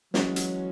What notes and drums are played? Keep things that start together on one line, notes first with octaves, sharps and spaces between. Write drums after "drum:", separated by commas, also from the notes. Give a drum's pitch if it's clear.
C#3 E3 F#3 G#3 C#4 F#4, drum: snare
drum: hi-hat